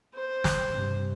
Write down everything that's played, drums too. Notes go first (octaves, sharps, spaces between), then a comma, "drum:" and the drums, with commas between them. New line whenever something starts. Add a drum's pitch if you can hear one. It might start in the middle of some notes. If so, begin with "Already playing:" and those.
C5
drum: snare
G2 C3